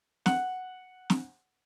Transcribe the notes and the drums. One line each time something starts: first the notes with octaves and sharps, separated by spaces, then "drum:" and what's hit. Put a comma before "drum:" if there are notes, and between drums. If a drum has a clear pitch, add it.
F#5, drum: snare
drum: snare